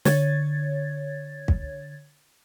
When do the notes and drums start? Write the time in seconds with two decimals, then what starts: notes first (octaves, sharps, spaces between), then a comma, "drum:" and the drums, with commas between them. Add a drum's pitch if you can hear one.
0.05 D3 C#5 G#6 A6, drum: snare
1.48 drum: kick